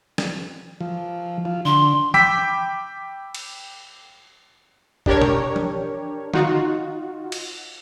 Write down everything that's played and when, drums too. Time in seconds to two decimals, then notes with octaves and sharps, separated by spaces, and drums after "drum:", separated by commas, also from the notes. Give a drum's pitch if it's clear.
0.18 drum: snare
0.81 F3
1.45 F4
1.65 D3 C6
2.14 G5 B5 D6 E6 B6, drum: tom E3
3.35 drum: cymbal
5.06 D4 G4 A#4 C#5, drum: kick
5.22 drum: tom B2
5.56 drum: tom E3
6.34 D#4 F4 F#4, drum: tom D3
7.32 drum: cymbal